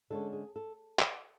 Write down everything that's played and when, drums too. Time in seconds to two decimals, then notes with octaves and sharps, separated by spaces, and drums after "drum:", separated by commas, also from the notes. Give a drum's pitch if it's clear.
0.10 D3 G#3 C#4 A4
0.33 G#4
0.56 A4
0.99 drum: clap